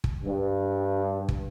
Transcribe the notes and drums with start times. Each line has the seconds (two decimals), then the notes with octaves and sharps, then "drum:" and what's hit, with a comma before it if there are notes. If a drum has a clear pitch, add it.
0.04 drum: kick
0.23 G2
1.29 drum: kick